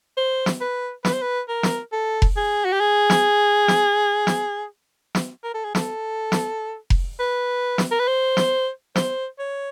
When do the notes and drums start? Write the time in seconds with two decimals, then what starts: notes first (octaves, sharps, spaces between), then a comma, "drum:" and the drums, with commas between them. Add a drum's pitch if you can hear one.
0.17 C5
0.46 drum: snare
0.61 B4
1.05 B4, drum: snare
1.13 C5
1.22 B4
1.49 A#4
1.63 drum: snare
1.93 A4
2.22 drum: kick F1
2.37 G#4
2.65 F#4
2.73 G4
2.80 G#4
3.10 drum: snare
3.68 drum: snare
4.27 drum: snare
5.15 drum: snare
5.44 A#4
5.54 A4
5.64 G#4
5.75 A4, drum: snare
6.32 drum: snare
6.90 drum: kick F1
7.20 B4
7.78 drum: snare
7.91 A#4
7.99 B4
8.08 C5
8.37 drum: snare
8.96 C5, drum: snare
9.39 C#5